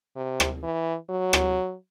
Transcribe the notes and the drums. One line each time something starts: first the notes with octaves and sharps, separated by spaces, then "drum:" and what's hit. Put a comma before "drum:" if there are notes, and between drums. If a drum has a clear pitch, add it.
C3
drum: rim click
E3
F#3
drum: rim click